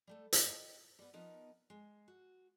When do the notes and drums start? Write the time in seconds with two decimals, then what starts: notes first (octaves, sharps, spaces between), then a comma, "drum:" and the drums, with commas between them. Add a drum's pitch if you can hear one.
0.07 G3 A3 A4
0.33 D#5 G5, drum: hi-hat
0.99 G3 B3
1.13 F3 B3 D#4 A#4
1.70 G#3
2.08 F#4